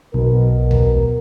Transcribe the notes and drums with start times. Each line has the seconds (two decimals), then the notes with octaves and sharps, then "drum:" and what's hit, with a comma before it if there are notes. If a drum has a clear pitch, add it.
0.14 B1 B2 A#4
0.71 drum: tom D2